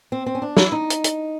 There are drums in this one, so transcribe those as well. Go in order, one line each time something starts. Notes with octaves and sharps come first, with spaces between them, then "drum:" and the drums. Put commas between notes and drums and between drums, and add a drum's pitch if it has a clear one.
C4
C4
C#4
D4
E4, drum: snare
D#4
drum: hi-hat
drum: hi-hat